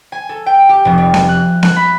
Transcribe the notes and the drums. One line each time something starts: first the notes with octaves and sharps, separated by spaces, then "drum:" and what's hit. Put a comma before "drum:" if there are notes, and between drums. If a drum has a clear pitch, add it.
G#5
A4
G5
G4
F1
G3
drum: snare B3
F#6
F#6, drum: snare B3
B5